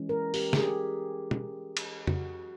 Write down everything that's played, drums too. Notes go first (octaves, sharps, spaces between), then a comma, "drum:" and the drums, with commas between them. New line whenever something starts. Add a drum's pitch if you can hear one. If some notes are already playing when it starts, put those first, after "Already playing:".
Already playing: E3 G#3 C#4
A#4
G4, drum: open hi-hat
G#4, drum: snare
G4
drum: tom B2
drum: cymbal
F#4, drum: tom F2